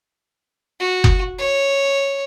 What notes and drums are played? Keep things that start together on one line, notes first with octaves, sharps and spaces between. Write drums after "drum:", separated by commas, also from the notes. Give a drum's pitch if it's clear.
F#4
drum: kick F#1
C#5